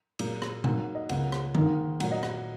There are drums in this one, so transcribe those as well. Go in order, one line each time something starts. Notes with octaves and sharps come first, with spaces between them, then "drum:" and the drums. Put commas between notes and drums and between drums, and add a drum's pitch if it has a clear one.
A#2 F#3 A#3 G#4, drum: cymbal
drum: rim click
G#2 F#3 A#3 F#5, drum: tom A#2
F#5
D#5
C#2 C#3 A#3 F#5, drum: cymbal
drum: rim click
G#2 D#3 A#3, drum: tom D3
A#2 F#3 A#3 F#5, drum: cymbal
D#5
F#5, drum: rim click